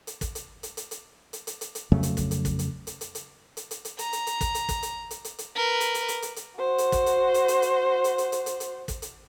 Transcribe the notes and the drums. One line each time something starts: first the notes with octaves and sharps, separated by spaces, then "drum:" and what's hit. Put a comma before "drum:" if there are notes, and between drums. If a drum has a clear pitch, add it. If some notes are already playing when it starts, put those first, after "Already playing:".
drum: hi-hat
drum: kick, hi-hat
drum: hi-hat
drum: hi-hat
drum: hi-hat
drum: hi-hat
drum: hi-hat
drum: hi-hat
drum: hi-hat
drum: hi-hat
F2 C#3 F#3 A3
drum: hi-hat
drum: kick, hi-hat
drum: hi-hat
drum: kick, hi-hat
drum: hi-hat
drum: hi-hat
drum: hi-hat
drum: hi-hat
drum: hi-hat
drum: hi-hat
drum: hi-hat
A#5, drum: hi-hat
drum: hi-hat
drum: hi-hat
drum: kick, hi-hat
drum: hi-hat
drum: kick, hi-hat
drum: hi-hat
drum: hi-hat
drum: hi-hat
drum: hi-hat
A#4 B4
drum: hi-hat
drum: hi-hat
drum: hi-hat
drum: hi-hat
drum: hi-hat
F#4 C5
drum: hi-hat
drum: kick, hi-hat
drum: hi-hat
drum: hi-hat
drum: hi-hat
drum: hi-hat
drum: hi-hat
drum: hi-hat
drum: hi-hat
drum: hi-hat
drum: hi-hat
drum: kick, hi-hat
drum: hi-hat